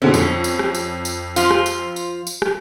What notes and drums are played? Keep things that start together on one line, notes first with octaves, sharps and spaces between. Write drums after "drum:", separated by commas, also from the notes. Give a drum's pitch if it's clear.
B2 D3 C4 C#4
F2, drum: tambourine
drum: tambourine
drum: rim click
drum: tambourine
drum: tambourine
F3 F4, drum: tambourine
drum: rim click
drum: tambourine
drum: tambourine
drum: tambourine
drum: rim click